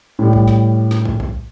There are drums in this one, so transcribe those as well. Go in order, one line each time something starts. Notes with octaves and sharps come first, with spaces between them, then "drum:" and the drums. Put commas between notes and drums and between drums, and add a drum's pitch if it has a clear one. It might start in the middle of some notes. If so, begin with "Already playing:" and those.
A2 G3
drum: kick
drum: snare
drum: snare
drum: kick
drum: kick